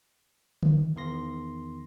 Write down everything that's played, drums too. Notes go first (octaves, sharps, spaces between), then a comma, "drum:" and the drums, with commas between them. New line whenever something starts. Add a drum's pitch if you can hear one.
drum: tom D3
E2 D#3 C6 A#6